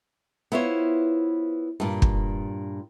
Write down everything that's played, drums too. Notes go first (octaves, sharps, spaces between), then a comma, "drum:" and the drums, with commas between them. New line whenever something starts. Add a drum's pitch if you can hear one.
B3 E4 F4 C5 C#5
G2 A#2
drum: kick